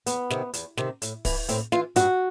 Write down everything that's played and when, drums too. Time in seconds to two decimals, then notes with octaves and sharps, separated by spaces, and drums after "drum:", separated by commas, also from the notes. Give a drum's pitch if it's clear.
0.06 E2 B3, drum: hi-hat
0.30 C3 D#3, drum: snare
0.53 E2, drum: hi-hat
0.77 C3 D#3, drum: snare
1.02 A2, drum: hi-hat
1.25 E3, drum: kick, open hi-hat
1.49 A2 C4, drum: hi-hat
1.72 E3 F4, drum: snare
1.96 G2 F#4, drum: hi-hat